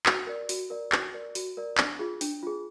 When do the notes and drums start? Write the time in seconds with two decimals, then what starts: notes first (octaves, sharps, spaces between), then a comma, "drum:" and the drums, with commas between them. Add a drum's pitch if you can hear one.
0.06 F#4, drum: clap
0.27 A#4 D5
0.49 F#4, drum: open hi-hat
0.70 A#4 D5
0.92 F#4, drum: clap
1.14 A#4 D5
1.35 F#4, drum: open hi-hat
1.57 A#4 D5
1.78 D4, drum: clap
1.99 F4 G#4
2.21 D4, drum: open hi-hat
2.43 F4 G#4